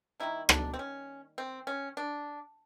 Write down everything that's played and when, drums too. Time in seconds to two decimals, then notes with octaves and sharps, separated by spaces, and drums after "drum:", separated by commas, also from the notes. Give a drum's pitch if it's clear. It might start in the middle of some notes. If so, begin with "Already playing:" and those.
0.20 D#3 G3 A#3 E4
0.49 D4, drum: rim click
0.74 C4
0.79 C#4
1.38 C4
1.67 C#4
1.97 D4